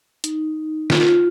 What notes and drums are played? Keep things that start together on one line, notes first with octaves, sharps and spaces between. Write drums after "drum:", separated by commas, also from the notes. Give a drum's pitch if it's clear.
D#4, drum: hi-hat
F4, drum: snare
F4